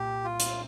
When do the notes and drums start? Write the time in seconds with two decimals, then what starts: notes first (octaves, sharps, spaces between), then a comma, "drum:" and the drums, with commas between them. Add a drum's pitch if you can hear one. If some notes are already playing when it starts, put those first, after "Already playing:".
Already playing: C2 A#2 G4
0.24 F4
0.40 drum: hi-hat